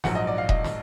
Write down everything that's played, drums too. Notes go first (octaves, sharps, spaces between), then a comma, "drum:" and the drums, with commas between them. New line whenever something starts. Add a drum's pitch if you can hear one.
A#1 G#2 F#3 F#5, drum: snare
D#5
D5
F5
D#5, drum: kick E1
drum: snare